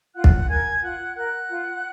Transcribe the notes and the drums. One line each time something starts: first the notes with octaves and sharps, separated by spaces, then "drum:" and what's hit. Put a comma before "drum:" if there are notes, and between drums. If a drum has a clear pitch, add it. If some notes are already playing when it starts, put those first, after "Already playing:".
F4 F#5 F#6
drum: kick
A#4 G#5 G#6
F4 F#5 F#6
A#4 F#5 F#6
F4